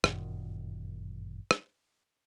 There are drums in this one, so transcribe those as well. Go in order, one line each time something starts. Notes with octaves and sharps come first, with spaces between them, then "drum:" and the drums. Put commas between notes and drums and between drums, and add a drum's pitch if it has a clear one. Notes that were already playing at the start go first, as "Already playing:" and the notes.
G1 F#2 A#2 D#3, drum: rim click
drum: rim click